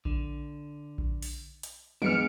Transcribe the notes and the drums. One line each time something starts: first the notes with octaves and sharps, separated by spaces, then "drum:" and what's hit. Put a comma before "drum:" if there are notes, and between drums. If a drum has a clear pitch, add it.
D3, drum: kick A#1
drum: kick A#1
drum: open hi-hat
drum: hi-hat
D2 G2 E3 G#3 B3 F6 C#7 D7, drum: tom E3